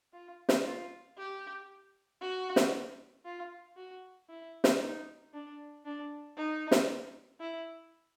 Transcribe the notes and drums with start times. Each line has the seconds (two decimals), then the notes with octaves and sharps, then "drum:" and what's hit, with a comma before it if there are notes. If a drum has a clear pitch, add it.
0.13 F4
0.49 drum: snare
0.65 F4
1.18 G4
2.21 F#4
2.56 drum: snare
3.25 F4
3.77 F#4
4.29 E4
4.64 drum: snare
4.81 D#4
5.34 D4
5.85 D4
6.37 D#4
6.71 drum: snare
7.40 E4